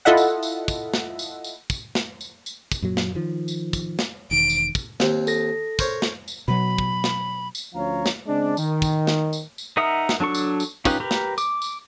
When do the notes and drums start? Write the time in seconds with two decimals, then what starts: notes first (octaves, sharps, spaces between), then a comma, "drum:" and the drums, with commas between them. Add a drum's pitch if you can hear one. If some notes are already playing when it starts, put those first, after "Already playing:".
0.05 E4 F4 A4 D#5 E5 F#5
0.17 drum: tambourine
0.43 drum: tambourine
0.68 drum: kick, tambourine
0.94 drum: snare
1.19 drum: tambourine
1.44 drum: tambourine
1.70 drum: kick, tambourine
1.95 drum: snare
2.21 drum: tambourine
2.46 drum: tambourine
2.72 drum: kick, tambourine
2.82 F#2 A#2 F#3
2.97 drum: snare
3.15 D#3 F3
3.48 drum: tambourine
3.73 drum: kick, tambourine
3.99 drum: snare
4.31 E1 D#3 D7
4.50 drum: tambourine
4.75 drum: kick, tambourine
5.00 D#2 C4 A#5, drum: snare
5.27 A4 A#6, drum: tambourine
5.79 A#4 C5 C#5, drum: kick, tambourine
6.02 drum: snare
6.28 drum: tambourine
6.48 B2 F#3 B5
6.78 drum: kick
7.04 drum: snare
7.55 drum: tambourine
7.74 D2 F3 C#4 C#5 F5 A#5
8.06 drum: snare
8.27 C#3 G#3 C4 D4
8.57 D#3, drum: tambourine
8.82 drum: kick, tambourine
9.07 drum: snare
9.33 drum: tambourine
9.58 drum: tambourine
9.77 D#4 A#4 E5 F#5 D#6
10.09 drum: snare
10.20 F#3 D4 A4 C#6
10.35 drum: tambourine
10.60 drum: tambourine
10.85 C#4 D#4 F4 G4 B4, drum: kick, tambourine
11.00 G4 A#4 B4
11.11 drum: snare
11.38 D6, drum: tambourine
11.62 drum: tambourine